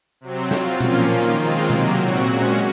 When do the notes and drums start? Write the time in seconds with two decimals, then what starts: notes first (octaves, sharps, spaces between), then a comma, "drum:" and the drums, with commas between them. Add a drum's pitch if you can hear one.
0.21 C3 F#3 C4
0.51 F#3 C4 F4, drum: snare
0.81 A#2 F3 A#3 C#4 F4, drum: tom B2
1.10 D#3 A#3 F4
1.40 D#3 G#3 C4 F4
1.70 C3 F#3 A#3, drum: tom B2
2.00 A#2 F#3 C4 F#4
2.29 A#2 G#3 C#4 F#4